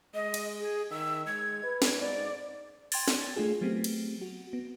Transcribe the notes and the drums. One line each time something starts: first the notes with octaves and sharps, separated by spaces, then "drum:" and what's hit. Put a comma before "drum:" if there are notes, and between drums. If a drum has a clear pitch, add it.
G#3 D#5
drum: cymbal
G#4
D#3 E6
G#3 G#6
B4
drum: snare
G#2 D5
G5 C6 G#6 A6, drum: open hi-hat
drum: snare
A3 D4 F4 G#4
F#3 A3 B3 C4 G4
drum: cymbal
F#4
B3